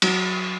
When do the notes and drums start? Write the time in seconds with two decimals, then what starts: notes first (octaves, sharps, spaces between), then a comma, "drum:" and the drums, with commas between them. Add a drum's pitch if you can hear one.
0.02 F#3, drum: cymbal